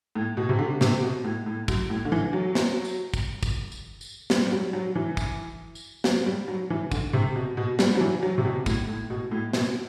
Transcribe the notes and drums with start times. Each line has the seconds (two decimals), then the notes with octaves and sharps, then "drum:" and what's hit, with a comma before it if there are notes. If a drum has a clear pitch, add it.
0.15 A2
0.37 B2
0.49 C3
0.59 D3
0.81 C3, drum: snare
1.03 B2
1.24 A2
1.46 A2
1.68 F#2, drum: kick, tambourine
1.90 A2
2.05 D3
2.12 E3
2.33 F#3
2.55 drum: snare
2.84 drum: tambourine
3.14 drum: kick, tambourine
3.43 drum: kick, tambourine
3.72 drum: tambourine
4.01 drum: tambourine
4.30 G3, drum: snare
4.46 G3
4.52 F#3
4.73 F#3
4.95 E3
5.17 drum: kick, tambourine
5.75 drum: tambourine
6.04 F#3, drum: snare
6.26 G3
6.48 F#3
6.70 E3
6.92 D3, drum: kick, tambourine
7.13 C3
7.35 B2
7.57 B2
7.79 G3, drum: snare
7.95 F#3
8.01 E3
8.23 F#3
8.38 C3
8.45 B2
8.66 A2, drum: kick, tambourine
8.88 A2
9.10 B2
9.31 A2
9.53 B2, drum: snare